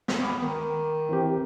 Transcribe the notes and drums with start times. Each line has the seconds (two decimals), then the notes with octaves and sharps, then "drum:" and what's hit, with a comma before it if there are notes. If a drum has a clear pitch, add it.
0.08 drum: snare
0.22 B3 D6
0.42 D#3
1.09 E3 C4 G4